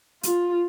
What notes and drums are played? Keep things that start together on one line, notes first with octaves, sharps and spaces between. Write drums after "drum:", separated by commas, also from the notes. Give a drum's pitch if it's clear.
F4, drum: hi-hat